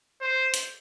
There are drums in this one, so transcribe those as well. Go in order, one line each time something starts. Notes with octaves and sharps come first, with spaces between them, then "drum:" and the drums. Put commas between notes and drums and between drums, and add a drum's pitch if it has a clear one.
C5
drum: hi-hat